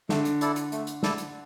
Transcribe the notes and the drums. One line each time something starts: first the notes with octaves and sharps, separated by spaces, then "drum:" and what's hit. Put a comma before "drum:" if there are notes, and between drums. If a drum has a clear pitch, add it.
D3 A3, drum: snare
drum: hi-hat
E4 A4 D5, drum: hi-hat
drum: hi-hat
A3, drum: hi-hat
drum: hi-hat
E4 A4 D5, drum: snare
drum: hi-hat